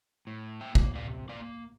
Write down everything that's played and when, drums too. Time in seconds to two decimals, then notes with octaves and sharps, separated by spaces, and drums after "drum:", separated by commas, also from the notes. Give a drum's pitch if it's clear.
0.27 A2
0.61 A#3 E5 G5
0.75 drum: kick
0.95 C3 D5 F5
1.29 A#3 D5 F5